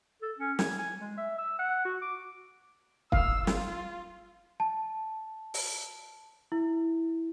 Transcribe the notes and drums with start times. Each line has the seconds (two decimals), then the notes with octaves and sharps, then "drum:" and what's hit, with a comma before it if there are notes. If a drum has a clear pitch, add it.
0.22 A4
0.38 C#4
0.59 G#5, drum: snare
0.79 G#5
1.00 G#3
1.17 E5
1.38 E6
1.59 F#5
1.85 F#4
2.02 D6
3.12 F5 E6, drum: kick
3.47 F4, drum: snare
4.60 A5
5.54 drum: open hi-hat
6.52 E4